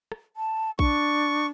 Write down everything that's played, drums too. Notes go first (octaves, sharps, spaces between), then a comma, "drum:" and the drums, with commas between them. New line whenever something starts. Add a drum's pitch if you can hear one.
drum: rim click
A5
D4 C#6, drum: kick A#1